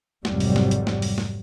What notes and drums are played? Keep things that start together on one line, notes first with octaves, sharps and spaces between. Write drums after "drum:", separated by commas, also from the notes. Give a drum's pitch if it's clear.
G#1 F2 G#2 C3 F#3 G3, drum: snare
drum: open hi-hat
drum: snare
drum: hi-hat
drum: snare
drum: open hi-hat
drum: snare